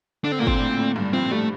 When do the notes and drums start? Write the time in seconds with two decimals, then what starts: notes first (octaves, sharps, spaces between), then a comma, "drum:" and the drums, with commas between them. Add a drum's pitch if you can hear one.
0.24 D3 D4
0.32 C4
0.39 A#2 A#3
0.47 C4, drum: kick
0.60 A2
0.77 A2
0.96 G2
1.13 F3 C4
1.31 G3 A3